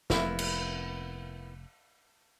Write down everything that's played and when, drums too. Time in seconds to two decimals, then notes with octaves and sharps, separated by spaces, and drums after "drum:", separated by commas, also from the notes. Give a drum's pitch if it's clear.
0.10 F1 C3 A#3 B3 E4, drum: snare
0.39 drum: cymbal